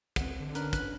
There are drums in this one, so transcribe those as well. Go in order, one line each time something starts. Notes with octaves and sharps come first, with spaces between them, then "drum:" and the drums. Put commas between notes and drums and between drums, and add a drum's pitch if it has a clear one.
C#2 C4 F#5, drum: kick, hi-hat
D3
C#4 D4 A#4 B4, drum: hi-hat
B4, drum: kick, hi-hat